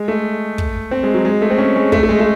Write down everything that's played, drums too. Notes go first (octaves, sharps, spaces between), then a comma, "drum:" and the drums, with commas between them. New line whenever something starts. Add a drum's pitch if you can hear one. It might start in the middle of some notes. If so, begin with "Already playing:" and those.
Already playing: G#3
A3
drum: kick
C4
G#3
F#3
G#3
A3
C4
C#4
G#3
A3, drum: kick
A3
G#3
A3